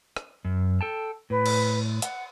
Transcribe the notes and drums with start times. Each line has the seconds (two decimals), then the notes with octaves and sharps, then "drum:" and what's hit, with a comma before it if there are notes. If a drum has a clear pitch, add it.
0.16 drum: rim click
0.45 F#2
0.81 A4 G5 A5
1.30 A2 B4
1.46 drum: cymbal
2.02 F#5, drum: hi-hat